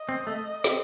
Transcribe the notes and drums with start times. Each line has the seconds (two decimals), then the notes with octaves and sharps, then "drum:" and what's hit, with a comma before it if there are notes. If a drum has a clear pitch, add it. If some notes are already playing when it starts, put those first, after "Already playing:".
Already playing: D#5
0.09 C4
0.27 A3
0.64 C4, drum: snare